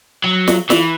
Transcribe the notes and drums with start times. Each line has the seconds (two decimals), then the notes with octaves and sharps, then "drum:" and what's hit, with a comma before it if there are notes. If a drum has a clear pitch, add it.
0.24 F#3
0.48 drum: snare
0.70 E3, drum: snare